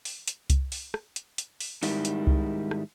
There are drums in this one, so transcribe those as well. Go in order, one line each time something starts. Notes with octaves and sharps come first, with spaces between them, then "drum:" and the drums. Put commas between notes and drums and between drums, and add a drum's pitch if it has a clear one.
drum: open hi-hat
drum: hi-hat
drum: kick C2, hi-hat
drum: open hi-hat
drum: rim click
drum: hi-hat
drum: hi-hat
drum: open hi-hat
G#2 D#3 G3 E4, drum: open hi-hat
drum: hi-hat
drum: kick C2
drum: rim click